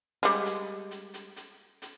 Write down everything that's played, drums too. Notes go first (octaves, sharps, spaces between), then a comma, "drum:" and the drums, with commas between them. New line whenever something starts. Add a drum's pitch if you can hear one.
G3 G#3
drum: hi-hat
drum: hi-hat
drum: hi-hat
drum: hi-hat
drum: hi-hat